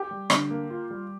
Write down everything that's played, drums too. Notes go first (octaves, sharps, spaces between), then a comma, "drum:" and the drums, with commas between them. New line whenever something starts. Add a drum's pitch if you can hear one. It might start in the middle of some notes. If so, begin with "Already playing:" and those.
Already playing: G4
G3
D3, drum: rim click
A#3
F4
G3